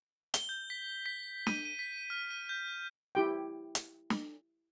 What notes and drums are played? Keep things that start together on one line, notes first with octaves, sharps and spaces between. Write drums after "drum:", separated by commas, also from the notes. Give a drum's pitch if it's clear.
G7, drum: hi-hat
G6
B6
B6
D#7, drum: snare
D#7
B6
F6
D#7
G6
E4 G4 G5
drum: hi-hat
drum: snare